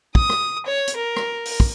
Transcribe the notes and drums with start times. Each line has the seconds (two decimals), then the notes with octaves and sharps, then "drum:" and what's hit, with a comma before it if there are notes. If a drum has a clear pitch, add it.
0.15 D#6, drum: kick
0.29 drum: rim click
0.66 C#5
0.87 drum: hi-hat
0.97 A#4
1.16 drum: rim click
1.45 drum: open hi-hat
1.60 drum: kick